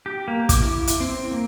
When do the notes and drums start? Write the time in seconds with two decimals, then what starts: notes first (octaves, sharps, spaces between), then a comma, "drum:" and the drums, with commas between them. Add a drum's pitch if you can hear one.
0.06 G4
0.28 A#3
0.49 D6, drum: kick, hi-hat
0.61 E4
0.87 drum: hi-hat
1.00 C4
1.32 A#3